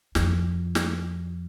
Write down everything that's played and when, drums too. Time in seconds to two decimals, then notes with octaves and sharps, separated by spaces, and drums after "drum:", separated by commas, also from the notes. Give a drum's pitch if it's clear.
0.15 F2, drum: snare
0.75 drum: snare